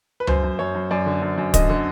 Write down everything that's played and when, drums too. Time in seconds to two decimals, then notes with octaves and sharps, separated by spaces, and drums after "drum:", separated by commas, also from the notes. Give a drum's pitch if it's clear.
0.20 B4
0.27 F#2 C5, drum: tom C#2
0.43 F#2
0.59 F#2 C#5
0.75 F#2
0.91 F#2 D5
1.06 D3
1.22 F#2
1.38 F#2
1.54 D3 D#5, drum: kick, hi-hat
1.70 D3